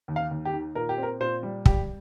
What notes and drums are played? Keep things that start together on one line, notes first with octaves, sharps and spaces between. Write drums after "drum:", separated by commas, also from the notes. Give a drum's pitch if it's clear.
D#2
F5
D#2
G4
D#3
A#2 A#4
G4
C4 A#4
A#2 C5
G3
G3 G4, drum: kick